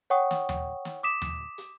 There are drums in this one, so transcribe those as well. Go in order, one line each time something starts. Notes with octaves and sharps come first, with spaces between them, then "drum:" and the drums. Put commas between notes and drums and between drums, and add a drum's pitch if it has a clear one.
C#5 F#5 G5 C#6 D#6
drum: snare
drum: tom D#2
drum: snare
D6 D#6 B6 E7
drum: tom D#2
drum: hi-hat